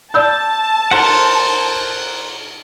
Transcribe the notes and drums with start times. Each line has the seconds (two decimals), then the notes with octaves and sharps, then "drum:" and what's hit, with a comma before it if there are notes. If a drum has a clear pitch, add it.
0.14 D5 A5 E6 G6
0.91 A#4 C5 F#5, drum: cymbal